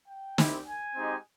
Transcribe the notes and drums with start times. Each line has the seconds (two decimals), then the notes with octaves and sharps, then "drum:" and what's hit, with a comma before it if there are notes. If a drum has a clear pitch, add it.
0.08 G5
0.38 C4 E4 G4, drum: snare
0.67 G#5
0.96 G#3 C4 D#4 G4